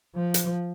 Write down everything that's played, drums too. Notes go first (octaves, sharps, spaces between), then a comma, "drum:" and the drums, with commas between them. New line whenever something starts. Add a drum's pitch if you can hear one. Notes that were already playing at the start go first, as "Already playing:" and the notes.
F3
drum: hi-hat